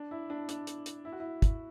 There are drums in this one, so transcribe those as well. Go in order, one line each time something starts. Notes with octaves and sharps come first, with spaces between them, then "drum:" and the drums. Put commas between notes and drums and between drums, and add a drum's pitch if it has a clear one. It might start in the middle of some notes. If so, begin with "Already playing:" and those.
Already playing: D4
E4
D4
D4, drum: hi-hat
drum: hi-hat
drum: hi-hat
E4
F#4
E4
drum: kick, hi-hat